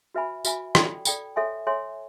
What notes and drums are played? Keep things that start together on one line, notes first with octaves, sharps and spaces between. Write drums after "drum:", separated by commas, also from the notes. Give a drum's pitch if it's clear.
F#4 B4 E5 G#5 B5
F#4 B4 E5 G#5 B5, drum: tambourine
A4 D5 G5 B5, drum: rim click
A4 D5 G5 B5, drum: tambourine
A4 C#5 E5 G#5 C6
A4 C#5 E5 G#5 C6